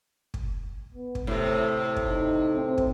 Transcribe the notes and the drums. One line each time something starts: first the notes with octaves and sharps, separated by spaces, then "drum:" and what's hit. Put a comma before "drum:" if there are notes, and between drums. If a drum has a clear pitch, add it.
drum: kick
B3
drum: kick
A2 C3 A3
drum: kick
D#4
C4
drum: kick